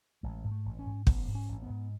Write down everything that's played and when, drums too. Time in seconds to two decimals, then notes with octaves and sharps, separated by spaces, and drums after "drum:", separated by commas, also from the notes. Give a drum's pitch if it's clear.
0.23 A1 G#3
0.44 G#2
0.51 A3
0.65 A1
0.79 C#4
0.86 G#2
1.07 A1 B3, drum: kick
1.28 G#2
1.35 C#4
1.48 A1
1.62 B3
1.69 G#2